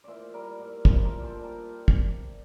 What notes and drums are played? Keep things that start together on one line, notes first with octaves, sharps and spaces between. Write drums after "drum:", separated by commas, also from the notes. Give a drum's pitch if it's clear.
A#2 C5 D5 E5
G3 A#4 D5
A#2
D4 C5 E5, drum: kick
A#4 D5
A#2
A4 C5
G3
G4 A#4
drum: kick